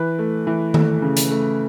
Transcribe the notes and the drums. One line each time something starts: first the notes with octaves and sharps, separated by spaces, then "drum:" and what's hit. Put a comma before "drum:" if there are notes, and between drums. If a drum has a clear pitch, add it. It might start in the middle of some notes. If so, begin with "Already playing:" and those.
Already playing: E3 B4
A3
E3
A3, drum: tom D#3
C#3
drum: hi-hat
A3